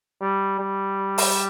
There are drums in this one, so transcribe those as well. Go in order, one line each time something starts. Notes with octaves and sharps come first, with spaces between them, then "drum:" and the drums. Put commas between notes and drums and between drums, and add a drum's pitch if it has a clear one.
G3
G3
drum: open hi-hat